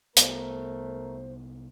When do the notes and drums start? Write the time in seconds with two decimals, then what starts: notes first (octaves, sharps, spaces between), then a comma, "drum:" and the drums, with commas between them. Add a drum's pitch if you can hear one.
0.17 C2 A3 B3 A#4 C5, drum: hi-hat